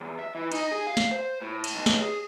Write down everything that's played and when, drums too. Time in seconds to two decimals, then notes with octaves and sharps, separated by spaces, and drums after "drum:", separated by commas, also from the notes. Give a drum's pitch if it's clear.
0.01 E2
0.19 E5
0.35 E3
0.52 D#4, drum: cymbal
0.71 G#4
0.87 F5
0.97 drum: snare
1.11 C5
1.42 A2
1.64 drum: cymbal
1.74 B1
1.86 drum: snare
2.01 G#4